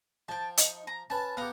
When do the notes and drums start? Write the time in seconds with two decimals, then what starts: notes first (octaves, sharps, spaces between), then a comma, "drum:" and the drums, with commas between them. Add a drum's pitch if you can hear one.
0.28 F3 G5 A5
0.57 D#4, drum: hi-hat
0.87 A#5
1.10 C#4 B4 A5
1.37 B3 G4 F5 F#5 A#5